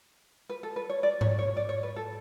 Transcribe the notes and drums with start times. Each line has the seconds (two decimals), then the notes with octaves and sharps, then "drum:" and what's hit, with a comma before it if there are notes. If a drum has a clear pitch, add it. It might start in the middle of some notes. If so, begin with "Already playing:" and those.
0.50 B4
0.63 A4
0.76 B4
0.90 C#5
1.03 D5
1.21 C#5, drum: tom G#2
1.39 C#5
1.57 D5
1.69 C#5
1.83 B4
1.96 A4